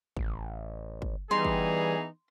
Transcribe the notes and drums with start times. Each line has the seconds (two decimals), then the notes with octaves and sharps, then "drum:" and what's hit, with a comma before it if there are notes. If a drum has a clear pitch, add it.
0.17 A1, drum: kick
1.02 drum: kick
1.31 E3 G3 B3 D#4 G#4 C6
1.45 drum: kick